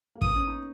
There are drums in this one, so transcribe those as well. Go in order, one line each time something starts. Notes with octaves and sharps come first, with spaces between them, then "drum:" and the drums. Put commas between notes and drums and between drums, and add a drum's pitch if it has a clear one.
A#3
B3 D#6, drum: kick
C#4
D#4